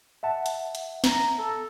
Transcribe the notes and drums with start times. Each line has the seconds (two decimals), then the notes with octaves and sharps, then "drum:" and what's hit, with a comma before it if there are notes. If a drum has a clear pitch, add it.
0.23 E5 F#5 A5
0.46 drum: hi-hat
0.75 drum: hi-hat
1.04 A#5, drum: snare
1.38 A4